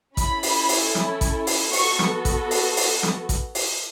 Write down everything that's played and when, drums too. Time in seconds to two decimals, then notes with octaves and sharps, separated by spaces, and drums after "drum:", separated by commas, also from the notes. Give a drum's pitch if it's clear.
0.17 C#4 E4 A4 B5, drum: kick A1, hi-hat
0.43 drum: open hi-hat
0.69 drum: open hi-hat
0.95 drum: snare
1.21 drum: kick A1, hi-hat
1.47 drum: open hi-hat
1.73 B3 F#4 A4 C#6, drum: open hi-hat
1.99 drum: snare
2.25 drum: kick A1, hi-hat
2.51 drum: open hi-hat
2.77 drum: open hi-hat
3.03 drum: snare
3.29 drum: kick A1, hi-hat
3.55 drum: open hi-hat